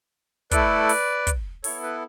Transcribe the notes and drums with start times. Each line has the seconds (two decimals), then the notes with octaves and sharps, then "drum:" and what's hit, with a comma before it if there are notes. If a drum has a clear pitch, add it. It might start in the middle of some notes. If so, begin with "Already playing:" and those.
0.51 A3 E4 A4 B4 D5, drum: kick, hi-hat
0.89 drum: open hi-hat
1.27 drum: kick, hi-hat
1.64 B3 E4 A4 C#5, drum: open hi-hat
1.83 B4